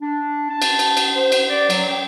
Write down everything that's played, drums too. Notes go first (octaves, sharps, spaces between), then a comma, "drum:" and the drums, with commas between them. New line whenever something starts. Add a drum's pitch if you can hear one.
D4
A5
drum: cymbal
drum: cymbal
drum: cymbal
C5
drum: cymbal
D5
F#3, drum: cymbal
G5